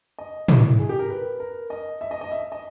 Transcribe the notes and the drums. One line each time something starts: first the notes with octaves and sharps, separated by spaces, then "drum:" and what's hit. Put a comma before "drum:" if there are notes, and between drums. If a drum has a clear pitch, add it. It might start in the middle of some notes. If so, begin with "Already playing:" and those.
D#5
E4, drum: tom
G#4
G4
A#4
B4
A#4
D#5
E5
D#5
D#5
E5
D#5